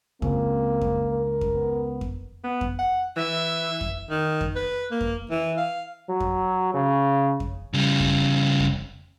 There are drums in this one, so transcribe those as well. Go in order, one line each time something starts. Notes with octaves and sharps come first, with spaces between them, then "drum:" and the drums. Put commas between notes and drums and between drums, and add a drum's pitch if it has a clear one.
C#2 A#3 C4, drum: kick F2
drum: kick F2
A#4
drum: kick F2
B3
drum: kick F2
B3
drum: kick F2
F#5
E3 E5
drum: kick F2
D#3
drum: kick F2
B4
A#3
drum: kick F2
E3
F5
F#3
drum: kick F2
C#3
drum: kick F2
C#3 G3
drum: kick F2
drum: kick F2